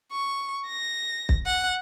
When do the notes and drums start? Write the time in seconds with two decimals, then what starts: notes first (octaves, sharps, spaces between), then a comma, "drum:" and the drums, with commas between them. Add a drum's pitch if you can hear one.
0.12 C#6
0.67 A#6
1.29 drum: kick
1.46 F#5